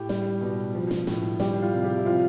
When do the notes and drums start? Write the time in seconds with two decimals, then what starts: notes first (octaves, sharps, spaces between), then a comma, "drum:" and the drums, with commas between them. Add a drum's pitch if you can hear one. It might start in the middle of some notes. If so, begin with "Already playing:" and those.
Already playing: A2 G4
0.09 G3, drum: snare
0.41 B2
0.75 F3
0.91 drum: snare
1.07 A2, drum: snare
1.40 G3 G4, drum: snare
1.62 F4
1.74 C3
1.84 G4
1.97 E4
2.06 F3 F4